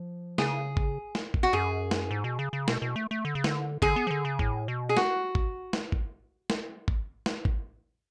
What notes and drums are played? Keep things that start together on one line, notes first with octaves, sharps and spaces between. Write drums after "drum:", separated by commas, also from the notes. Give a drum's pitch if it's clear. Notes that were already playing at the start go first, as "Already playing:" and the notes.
Already playing: F3
C#3 G#4, drum: snare
drum: kick
drum: snare
drum: kick
F#4
F#2 G#4
drum: snare
G#2
B2
C#3
C#3
B2, drum: snare
B2
A3
A3
D3
C#3
D3, drum: snare
D3 G#4, drum: kick
B3
F3
D3
C#3
A2, drum: kick
B2
G#4
F#4, drum: snare
drum: kick
drum: snare
drum: kick
drum: snare
drum: kick
drum: snare
drum: kick